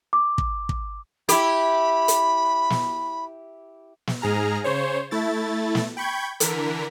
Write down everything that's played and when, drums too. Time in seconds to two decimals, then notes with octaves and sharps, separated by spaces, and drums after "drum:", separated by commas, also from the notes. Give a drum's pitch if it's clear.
0.13 D6
0.38 drum: kick
0.69 drum: kick
1.29 E4 G4 B5, drum: hi-hat
2.08 drum: hi-hat
2.70 drum: snare
4.07 drum: snare
4.21 G#2 G#4 A#5 F6
4.64 C#3 C5 C#5
5.11 A3 E4 A6
5.75 drum: snare
5.97 G5 B5 C#6 G6 G#6
6.40 D3 E3 A#4 B6, drum: hi-hat